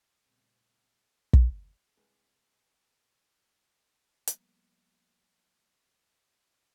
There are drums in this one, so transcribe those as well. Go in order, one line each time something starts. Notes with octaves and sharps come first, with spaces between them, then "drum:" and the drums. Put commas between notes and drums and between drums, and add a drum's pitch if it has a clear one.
A#2 C#3 G3 A3 B3 C4
drum: kick
C2 G#3 B4
F3 G3 A#3 B3, drum: hi-hat